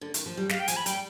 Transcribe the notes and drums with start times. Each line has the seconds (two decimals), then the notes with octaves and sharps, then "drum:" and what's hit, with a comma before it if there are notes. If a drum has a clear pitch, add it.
0.01 D3
0.14 D#3, drum: hi-hat
0.26 F3
0.37 G3
0.49 G#3 F5, drum: snare
0.60 G5
0.68 F3 G#5, drum: hi-hat
0.76 B5
0.86 G3 G5, drum: hi-hat